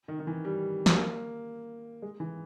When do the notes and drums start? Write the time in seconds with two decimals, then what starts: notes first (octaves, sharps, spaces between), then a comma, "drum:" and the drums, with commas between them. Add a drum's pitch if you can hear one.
0.08 D#3
0.19 D#3
0.27 E3
0.45 G3
0.86 drum: snare
0.97 A#3
2.02 G#3
2.20 E3